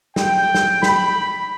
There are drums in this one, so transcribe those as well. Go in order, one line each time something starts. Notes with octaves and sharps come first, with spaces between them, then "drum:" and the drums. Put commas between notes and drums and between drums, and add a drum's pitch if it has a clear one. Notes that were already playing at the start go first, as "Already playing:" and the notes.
G5, drum: snare
drum: snare
B5, drum: snare